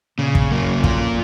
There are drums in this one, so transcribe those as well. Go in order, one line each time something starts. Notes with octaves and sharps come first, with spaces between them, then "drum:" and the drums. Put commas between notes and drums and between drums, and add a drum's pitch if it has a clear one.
A#2 C#3
drum: kick
F#2 A#3
F2 F4, drum: kick